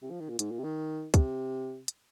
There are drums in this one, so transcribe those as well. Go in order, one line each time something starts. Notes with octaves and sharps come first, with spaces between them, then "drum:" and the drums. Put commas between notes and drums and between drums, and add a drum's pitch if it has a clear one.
C3
F3
D#3
A#2
G#2, drum: hi-hat
A#2
C3
D#3
C3, drum: kick, hi-hat
drum: hi-hat